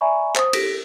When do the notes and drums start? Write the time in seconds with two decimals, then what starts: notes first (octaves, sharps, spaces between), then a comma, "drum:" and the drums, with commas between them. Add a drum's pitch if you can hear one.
0.01 D5 E5 G#5 A#5 B5 C#6
0.36 C5 D#6, drum: clap
0.53 G4 A4 A#6 B6 D7, drum: cymbal